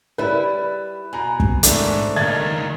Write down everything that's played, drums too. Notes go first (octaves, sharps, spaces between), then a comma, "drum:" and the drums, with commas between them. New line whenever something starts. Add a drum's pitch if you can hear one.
G3 E4 B4
B2 G#5 A#5
drum: kick
E2 G#2 E3 A3 D4, drum: hi-hat
C#2 D#3 A#3 D#4 G#6 A6